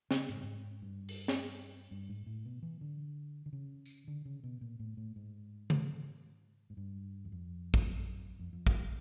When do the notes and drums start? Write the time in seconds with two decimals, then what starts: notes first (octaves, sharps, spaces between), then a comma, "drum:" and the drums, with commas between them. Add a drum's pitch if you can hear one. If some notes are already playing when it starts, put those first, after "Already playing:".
0.11 C#3, drum: snare
0.29 G#2, drum: hi-hat
0.36 G2
0.43 G#2
0.82 G2
1.09 drum: open hi-hat
1.28 drum: snare
1.91 G2
2.09 G#2
2.26 A2
2.46 B2
2.62 E3
2.81 D3
3.46 D3
3.53 C#3
3.86 drum: tambourine
4.08 D3
4.25 C#3
4.43 B2
4.61 A#2
4.79 A2
4.97 A2
5.16 G#2
5.70 drum: tom C#3
6.70 G#2
6.77 G2
7.25 E2
7.32 F2
7.74 G2, drum: kick
7.86 F#2
8.39 F2
8.53 F2
8.67 G2, drum: kick